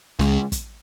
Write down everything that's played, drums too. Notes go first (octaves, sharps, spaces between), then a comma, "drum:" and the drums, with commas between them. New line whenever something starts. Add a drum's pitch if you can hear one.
C#2 C#3 G#3, drum: snare
drum: kick, hi-hat